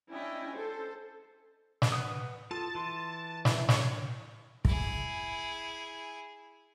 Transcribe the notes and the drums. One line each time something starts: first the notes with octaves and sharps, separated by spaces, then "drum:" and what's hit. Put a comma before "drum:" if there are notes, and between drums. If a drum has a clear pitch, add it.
C#4 D4 E4 D#5 G5 G#5
A4 C5
drum: snare
B4 F#5 D#6
F4 A4 A5
E3 C6
E3, drum: snare
C#5, drum: snare
E4 G#4, drum: kick